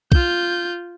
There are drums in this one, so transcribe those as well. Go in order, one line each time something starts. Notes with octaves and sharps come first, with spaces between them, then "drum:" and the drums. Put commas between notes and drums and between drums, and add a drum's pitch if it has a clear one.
F4 G6, drum: kick